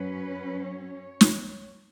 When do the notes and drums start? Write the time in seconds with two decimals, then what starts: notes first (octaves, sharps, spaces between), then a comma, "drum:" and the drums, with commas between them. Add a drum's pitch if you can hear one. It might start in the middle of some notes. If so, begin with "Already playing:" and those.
Already playing: F#2 F#3 C#4 B4
0.64 C#5
1.21 drum: snare